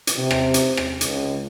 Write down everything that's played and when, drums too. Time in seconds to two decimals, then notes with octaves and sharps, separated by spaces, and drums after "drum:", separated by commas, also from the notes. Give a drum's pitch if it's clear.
0.07 drum: hi-hat
0.17 C3
0.31 drum: rim click
0.54 drum: hi-hat
0.77 drum: rim click
1.01 C#2, drum: hi-hat